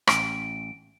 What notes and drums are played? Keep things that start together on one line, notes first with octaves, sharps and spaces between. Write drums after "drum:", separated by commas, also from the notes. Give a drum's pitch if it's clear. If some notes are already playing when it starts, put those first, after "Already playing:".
A1 D7, drum: rim click